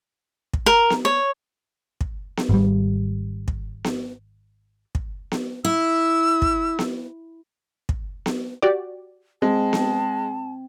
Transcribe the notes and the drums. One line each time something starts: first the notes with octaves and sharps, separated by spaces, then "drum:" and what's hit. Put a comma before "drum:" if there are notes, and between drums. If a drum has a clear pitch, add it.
drum: kick
A#4
drum: snare B3
C#5
drum: kick
drum: snare B3
G#1 G3
drum: kick
drum: snare B3
drum: kick
drum: snare B3
E4 E6
drum: kick
drum: snare B3
drum: kick
drum: snare B3
F#4 G4 D5
G#3 C4 A5
drum: snare B3